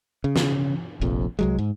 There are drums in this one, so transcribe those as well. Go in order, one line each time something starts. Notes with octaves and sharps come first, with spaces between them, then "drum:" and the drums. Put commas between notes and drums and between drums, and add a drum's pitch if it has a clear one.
C#3
drum: snare
F1 A#1 F2
C2 F#3 G#3
G#2